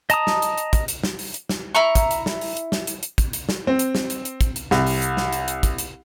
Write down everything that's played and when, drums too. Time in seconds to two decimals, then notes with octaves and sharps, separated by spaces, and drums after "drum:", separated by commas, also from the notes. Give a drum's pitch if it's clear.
0.10 D#5 A5 A#5 D#6, drum: hi-hat
0.27 drum: snare
0.42 drum: hi-hat
0.58 drum: hi-hat
0.73 drum: kick, hi-hat
0.88 drum: hi-hat
1.04 drum: snare
1.19 drum: open hi-hat
1.34 drum: hi-hat
1.49 drum: snare
1.75 E4 A#5 C#6
1.95 drum: kick, hi-hat
2.11 drum: hi-hat
2.26 drum: snare
2.41 drum: open hi-hat
2.57 drum: hi-hat
2.72 drum: snare
2.87 drum: hi-hat
3.03 drum: hi-hat
3.18 drum: kick, hi-hat
3.33 drum: hi-hat
3.49 drum: snare
3.67 C4
3.79 drum: hi-hat
3.95 drum: snare
4.10 drum: hi-hat
4.25 drum: hi-hat
4.41 drum: kick, hi-hat
4.56 drum: hi-hat
4.71 C2, drum: snare
4.87 drum: open hi-hat
5.02 drum: hi-hat
5.17 drum: snare
5.32 drum: hi-hat
5.48 drum: hi-hat
5.63 drum: kick, hi-hat
5.78 drum: hi-hat